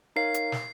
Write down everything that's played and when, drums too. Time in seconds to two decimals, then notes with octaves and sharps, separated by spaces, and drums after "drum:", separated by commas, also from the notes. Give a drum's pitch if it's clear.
0.16 D#4 A#4 C#5 F5 C7
0.34 drum: hi-hat
0.52 drum: snare